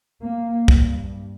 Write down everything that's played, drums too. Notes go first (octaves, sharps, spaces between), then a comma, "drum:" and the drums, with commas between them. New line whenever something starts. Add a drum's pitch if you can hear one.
A#3
G2, drum: kick